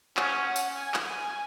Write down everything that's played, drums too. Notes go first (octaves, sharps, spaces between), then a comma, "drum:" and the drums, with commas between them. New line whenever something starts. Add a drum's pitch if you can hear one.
C#4 F#5, drum: clap
F#5
drum: tambourine
G#5
drum: clap
G#5